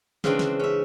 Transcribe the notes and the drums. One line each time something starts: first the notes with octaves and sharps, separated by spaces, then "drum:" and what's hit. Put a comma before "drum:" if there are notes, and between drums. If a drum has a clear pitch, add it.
C#3 E3 G#3 C4 D4, drum: snare
drum: snare
C#4 E5